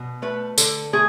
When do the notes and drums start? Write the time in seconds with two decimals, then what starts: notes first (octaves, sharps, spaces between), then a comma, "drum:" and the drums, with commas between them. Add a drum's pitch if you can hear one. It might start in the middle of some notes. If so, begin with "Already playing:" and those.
Already playing: B2
0.22 A3 B4
0.58 D3 A4, drum: tambourine
0.93 A3 G#4